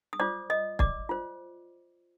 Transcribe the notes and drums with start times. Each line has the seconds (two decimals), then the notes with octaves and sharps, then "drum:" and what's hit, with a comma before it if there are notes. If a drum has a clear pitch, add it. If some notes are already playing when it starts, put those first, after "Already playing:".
0.13 D#6
0.20 F4 C5 D5 D6
0.50 D#5 D#6
0.79 D5 D6, drum: kick
1.09 F4 C5